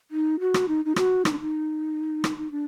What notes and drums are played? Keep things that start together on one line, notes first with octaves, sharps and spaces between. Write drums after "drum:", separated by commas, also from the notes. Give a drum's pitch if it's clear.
D#4
F#4
drum: rim click
D#4
D#4
F#4, drum: rim click
D#4, drum: rim click
D4
D#4
drum: rim click
D#4
D4